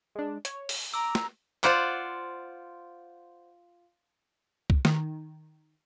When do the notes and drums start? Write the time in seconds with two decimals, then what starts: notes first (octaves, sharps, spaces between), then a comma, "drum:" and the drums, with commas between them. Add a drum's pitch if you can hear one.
0.15 G#3 D4
0.45 C#5, drum: hi-hat
0.69 drum: open hi-hat
0.94 A#5 D6 E6
1.15 drum: snare
1.64 F4 C5 D5 F#5, drum: clap
4.70 drum: kick C2
4.85 D#3, drum: snare